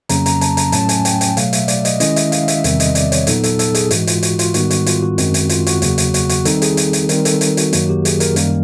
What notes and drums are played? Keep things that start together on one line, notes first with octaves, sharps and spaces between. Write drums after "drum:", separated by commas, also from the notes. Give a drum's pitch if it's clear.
F2 C#3 F#3 A#3 C#4 A#5, drum: hi-hat
A#5, drum: hi-hat
A5, drum: hi-hat
A#5, drum: hi-hat
A2 F#3 A3 C#4 A5, drum: hi-hat
G#5, drum: hi-hat
G5, drum: hi-hat
G5, drum: hi-hat
B2 F#3 A3 F5, drum: hi-hat
E5, drum: hi-hat
D5, drum: hi-hat
D#5, drum: hi-hat
D#3 G#3 C#4 E4 D#5, drum: hi-hat
E5, drum: hi-hat
F5, drum: hi-hat
E5, drum: hi-hat
E2 C3 D#3 G3 C4 E5, drum: hi-hat
D#5, drum: hi-hat
D5, drum: hi-hat
C#5, drum: hi-hat
A#2 F#3 B3 D#4 A4, drum: hi-hat
A4, drum: hi-hat
A4, drum: hi-hat
G#4, drum: hi-hat
G#2 E3 G#3 F#4, drum: hi-hat
F4, drum: hi-hat
F#4, drum: hi-hat
F4, drum: hi-hat
G#2 D#3 G3 B3 F#4, drum: hi-hat
F#4, drum: hi-hat
F4, drum: hi-hat
F#4
F#2 D#3 G#3 C4, drum: hi-hat
drum: hi-hat
F4, drum: hi-hat
F#4, drum: hi-hat
E2 C#3 F#3 A#3, drum: hi-hat
drum: hi-hat
F#4, drum: hi-hat
F#4, drum: hi-hat
D#3 G3 C4 D#4 A4, drum: hi-hat
G#4, drum: hi-hat
drum: hi-hat
drum: hi-hat
D#3 G3 C4 D#4 A#4, drum: hi-hat
A4, drum: hi-hat
drum: hi-hat
F#4, drum: hi-hat
F#2 D#3 F#3 A#3 F#4, drum: hi-hat
G4
G#4, drum: hi-hat
A#4, drum: hi-hat
F#2 D#3 G3 A#3, drum: hi-hat